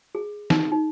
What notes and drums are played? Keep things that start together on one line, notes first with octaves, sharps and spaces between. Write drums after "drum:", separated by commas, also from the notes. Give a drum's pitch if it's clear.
G#4
D#4, drum: snare
D#4